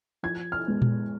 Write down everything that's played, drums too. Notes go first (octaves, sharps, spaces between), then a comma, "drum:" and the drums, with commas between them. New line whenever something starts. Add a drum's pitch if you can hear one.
F3 G#6
F6
G#3 B3
drum: tom A#2